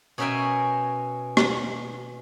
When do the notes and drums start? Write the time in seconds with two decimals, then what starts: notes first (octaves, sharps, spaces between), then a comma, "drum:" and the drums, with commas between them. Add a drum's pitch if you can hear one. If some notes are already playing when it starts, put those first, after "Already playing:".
0.18 B2 C#4 A#4 E5 G5 G#5
1.37 drum: rim click